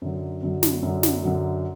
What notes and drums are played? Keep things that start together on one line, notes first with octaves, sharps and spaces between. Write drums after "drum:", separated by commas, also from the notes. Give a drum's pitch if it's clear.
F#2 D3 F#3
F#2 D3 F#3
drum: snare
F#2 D3 F#3
drum: snare
F#2 D3 F#3